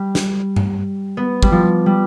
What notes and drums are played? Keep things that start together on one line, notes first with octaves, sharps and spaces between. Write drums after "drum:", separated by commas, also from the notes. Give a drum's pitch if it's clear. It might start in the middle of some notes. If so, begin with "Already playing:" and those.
Already playing: G3
drum: snare
drum: tom G2
B3
G3, drum: kick
F3
G3